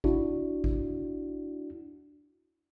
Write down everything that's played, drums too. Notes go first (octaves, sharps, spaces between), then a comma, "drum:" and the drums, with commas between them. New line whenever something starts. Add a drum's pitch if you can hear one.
D4 E4 F#4, drum: kick G#1
drum: kick G#1